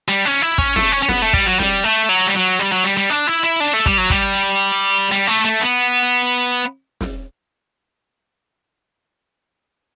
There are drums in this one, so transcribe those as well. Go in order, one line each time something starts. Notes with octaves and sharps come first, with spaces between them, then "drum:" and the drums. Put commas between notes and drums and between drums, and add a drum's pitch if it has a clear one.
G3
C#4
E4
C#4, drum: kick
A3, drum: snare
C#4
C#4
B3, drum: snare
A3
G3, drum: kick
F#3
G3, drum: snare
A3
F#3
G3
F#3
G3
F#3
G3
G3
D4
E4
E4
D4
A3
G3, drum: kick
F#3
G3, drum: kick
G3
A3
A3
B3
drum: snare